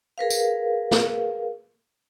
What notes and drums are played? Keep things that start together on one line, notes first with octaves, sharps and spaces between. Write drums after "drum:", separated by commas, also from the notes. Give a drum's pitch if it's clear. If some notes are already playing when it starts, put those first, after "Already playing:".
G#4 A#4 B4 F5
drum: tambourine
drum: snare